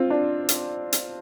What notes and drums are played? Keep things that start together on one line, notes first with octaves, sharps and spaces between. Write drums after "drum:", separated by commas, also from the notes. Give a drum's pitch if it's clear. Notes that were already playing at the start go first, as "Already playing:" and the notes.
Already playing: C4 F4
D4
drum: hi-hat
drum: hi-hat